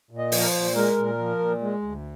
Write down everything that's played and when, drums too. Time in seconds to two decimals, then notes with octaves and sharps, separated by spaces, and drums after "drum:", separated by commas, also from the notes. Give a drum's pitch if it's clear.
0.11 A#2
0.18 D#5
0.32 F3, drum: open hi-hat
0.40 A#4
0.46 C5
0.54 A#2
0.75 G#3 A#4
0.97 A#2
1.18 F3
1.39 A#2
1.61 G#3
1.82 D2